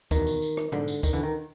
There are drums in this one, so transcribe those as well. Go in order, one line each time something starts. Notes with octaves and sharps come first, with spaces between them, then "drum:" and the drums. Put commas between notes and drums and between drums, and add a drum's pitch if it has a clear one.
E2 B2 D#3, drum: kick D2, tambourine
drum: tambourine
drum: tambourine
drum: rim click
G#2 D3, drum: tom A#2
drum: tambourine
D#3, drum: kick D2, tambourine
D3 E3
D#3